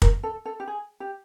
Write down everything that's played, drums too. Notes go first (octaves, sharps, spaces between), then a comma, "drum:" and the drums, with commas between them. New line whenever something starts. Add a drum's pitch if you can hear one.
A#4, drum: kick
A4
A4
G4
G#4
G4